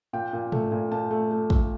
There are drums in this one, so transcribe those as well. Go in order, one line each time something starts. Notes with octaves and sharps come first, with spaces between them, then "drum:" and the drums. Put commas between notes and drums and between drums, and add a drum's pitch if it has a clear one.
A#2 G5
A#2
A3, drum: tom
A#2
A#2 A5
A3
A3
A3, drum: kick